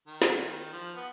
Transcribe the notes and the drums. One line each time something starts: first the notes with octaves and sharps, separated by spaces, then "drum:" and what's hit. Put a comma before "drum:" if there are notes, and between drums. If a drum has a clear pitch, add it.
D#3
drum: snare
F3
B3